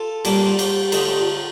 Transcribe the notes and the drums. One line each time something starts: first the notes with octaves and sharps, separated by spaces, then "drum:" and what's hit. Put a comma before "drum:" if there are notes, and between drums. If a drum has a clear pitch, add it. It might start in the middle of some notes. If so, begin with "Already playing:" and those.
Already playing: F4 A4
A#2 G3 A#3 D4, drum: cymbal
F4
G4, drum: cymbal
D3 A3 D#4 F4, drum: cymbal
G4
F4